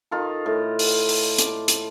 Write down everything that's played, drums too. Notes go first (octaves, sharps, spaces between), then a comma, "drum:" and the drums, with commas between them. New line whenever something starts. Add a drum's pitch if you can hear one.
D#3 F4 A4
A2
drum: open hi-hat
drum: open hi-hat
D5, drum: hi-hat
drum: hi-hat